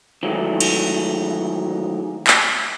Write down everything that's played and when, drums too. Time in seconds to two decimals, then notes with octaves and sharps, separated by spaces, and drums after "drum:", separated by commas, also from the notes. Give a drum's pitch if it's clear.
0.23 D#3 E3 F#3 G#3 A3
0.60 drum: cymbal
2.27 drum: clap